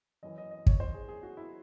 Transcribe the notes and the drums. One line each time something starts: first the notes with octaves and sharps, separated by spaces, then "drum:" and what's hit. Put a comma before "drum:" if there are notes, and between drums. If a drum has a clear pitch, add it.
F#2 E3 D#5
D#5
D#5
C#5, drum: kick
C5
G#4
G#4
F#4
E4